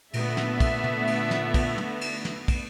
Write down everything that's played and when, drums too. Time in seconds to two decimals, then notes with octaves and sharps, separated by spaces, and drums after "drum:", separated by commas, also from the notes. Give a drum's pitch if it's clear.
0.13 A#2 D3 A3 B3 E5, drum: cymbal
0.37 drum: snare
0.60 drum: kick, cymbal
0.84 drum: tom
1.07 drum: cymbal
1.31 drum: snare
1.54 drum: kick, cymbal
1.78 drum: tom
2.01 drum: cymbal
2.25 drum: snare
2.48 drum: kick, cymbal